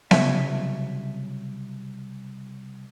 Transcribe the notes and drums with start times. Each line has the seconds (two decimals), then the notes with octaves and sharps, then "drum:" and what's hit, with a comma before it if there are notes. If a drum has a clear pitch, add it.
0.11 C2 F2 C#3 F#3 C#5 E5, drum: snare B3